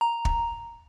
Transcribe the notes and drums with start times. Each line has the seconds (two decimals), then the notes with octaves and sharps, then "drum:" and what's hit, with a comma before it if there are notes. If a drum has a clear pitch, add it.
0.01 A#5
0.25 drum: kick